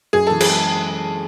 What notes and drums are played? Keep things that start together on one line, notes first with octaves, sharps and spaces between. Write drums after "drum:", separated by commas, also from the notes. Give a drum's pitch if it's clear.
F#2 G#4
E3 A4
G#4, drum: cymbal
G#3